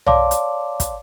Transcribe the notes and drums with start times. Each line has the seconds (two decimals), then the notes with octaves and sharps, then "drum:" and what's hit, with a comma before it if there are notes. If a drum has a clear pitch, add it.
0.06 C#5 D5 F5 A5 C6 D6, drum: tom
0.31 drum: hi-hat
0.80 drum: kick, hi-hat